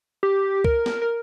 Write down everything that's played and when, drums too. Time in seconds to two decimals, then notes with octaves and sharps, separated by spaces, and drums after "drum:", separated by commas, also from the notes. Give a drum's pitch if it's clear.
0.23 G4
0.64 A#4, drum: kick
0.86 drum: snare
1.02 A#4